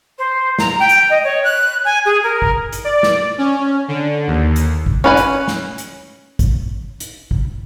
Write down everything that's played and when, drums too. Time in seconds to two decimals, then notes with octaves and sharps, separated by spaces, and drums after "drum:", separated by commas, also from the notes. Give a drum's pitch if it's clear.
0.18 C5
0.59 A#5, drum: snare
0.79 G5
0.89 drum: hi-hat
1.10 D#5
1.23 C#5
1.44 F#6
1.84 G#5
2.05 G#4
2.23 A#4
2.42 drum: kick
2.72 drum: hi-hat
2.85 D5
3.03 drum: snare
3.38 C#4
3.88 D3
4.27 D#2
4.56 drum: hi-hat
4.86 drum: kick
5.04 C#4 B4 G#5
5.17 drum: hi-hat
5.48 drum: snare
5.78 drum: hi-hat
6.39 drum: kick, hi-hat
7.00 drum: hi-hat
7.31 drum: kick